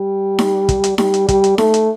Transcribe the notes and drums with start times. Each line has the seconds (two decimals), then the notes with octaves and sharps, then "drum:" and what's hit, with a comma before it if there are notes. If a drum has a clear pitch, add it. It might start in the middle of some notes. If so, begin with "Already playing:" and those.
Already playing: G3
0.39 drum: snare D#4
0.69 drum: kick, hi-hat
0.84 drum: hi-hat
0.98 G3, drum: snare D#4
1.14 drum: hi-hat
1.28 G3, drum: kick, hi-hat
1.44 drum: hi-hat
1.58 A3, drum: snare D#4
1.74 drum: hi-hat